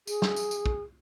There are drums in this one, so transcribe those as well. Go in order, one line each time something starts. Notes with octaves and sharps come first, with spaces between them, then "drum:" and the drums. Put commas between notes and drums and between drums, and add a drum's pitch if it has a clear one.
G#4, drum: tambourine
drum: snare
drum: tambourine
drum: tambourine
drum: kick